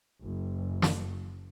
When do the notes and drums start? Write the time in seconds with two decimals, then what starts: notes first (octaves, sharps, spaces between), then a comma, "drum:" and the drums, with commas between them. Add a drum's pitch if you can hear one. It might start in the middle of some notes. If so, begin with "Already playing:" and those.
0.23 F#1
0.82 drum: snare